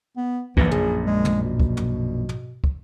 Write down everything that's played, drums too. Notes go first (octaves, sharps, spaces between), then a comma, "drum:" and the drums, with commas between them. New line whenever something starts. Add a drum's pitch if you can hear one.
B3
A#1 F#2 A#2 E3, drum: kick
G#4, drum: tom
G#3
drum: tom
B2
drum: kick
drum: tom
drum: tom
drum: kick